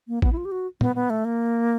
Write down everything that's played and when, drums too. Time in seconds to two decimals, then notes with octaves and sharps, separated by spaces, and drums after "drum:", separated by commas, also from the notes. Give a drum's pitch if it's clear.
0.08 A#3
0.22 B3, drum: kick A#1
0.32 E4
0.37 F4
0.45 G4
0.52 F#4
0.81 B3, drum: tom
0.96 B3
1.10 A3
1.25 A#3